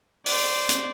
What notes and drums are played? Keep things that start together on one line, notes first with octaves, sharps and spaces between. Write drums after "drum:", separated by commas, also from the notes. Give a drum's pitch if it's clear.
C5 D5, drum: open hi-hat
drum: hi-hat